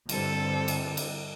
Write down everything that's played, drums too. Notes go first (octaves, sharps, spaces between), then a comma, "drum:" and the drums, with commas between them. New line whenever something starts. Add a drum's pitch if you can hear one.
G2 D3 G3 C4 A4, drum: cymbal
drum: cymbal
drum: cymbal